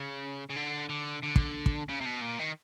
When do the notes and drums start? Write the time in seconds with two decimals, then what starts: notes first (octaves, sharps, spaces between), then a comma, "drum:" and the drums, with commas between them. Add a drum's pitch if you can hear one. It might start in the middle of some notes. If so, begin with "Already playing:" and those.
Already playing: C#3
0.50 C#3
0.56 D3
0.89 D3
1.22 D3
1.36 drum: kick
1.66 drum: kick
1.89 C#3
2.00 C3
2.05 B2
2.21 A#2
2.39 D#3